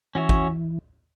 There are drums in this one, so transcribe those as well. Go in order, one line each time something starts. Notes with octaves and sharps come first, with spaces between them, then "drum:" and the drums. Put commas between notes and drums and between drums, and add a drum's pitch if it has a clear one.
E3 C#4 F#4 C#5 E5
drum: kick G#1